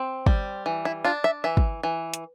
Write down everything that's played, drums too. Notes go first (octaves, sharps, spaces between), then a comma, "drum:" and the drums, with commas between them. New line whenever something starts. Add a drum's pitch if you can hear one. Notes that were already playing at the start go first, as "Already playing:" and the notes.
Already playing: C4
G3, drum: kick
E3
E4
D4 F4
E5
E3 E5
drum: kick
E3
drum: hi-hat